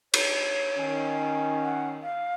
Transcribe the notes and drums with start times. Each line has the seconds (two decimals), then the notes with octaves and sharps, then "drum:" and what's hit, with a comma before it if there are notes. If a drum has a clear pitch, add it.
0.14 C#5, drum: cymbal
0.77 D#3 C#4
1.62 F#5
2.02 F5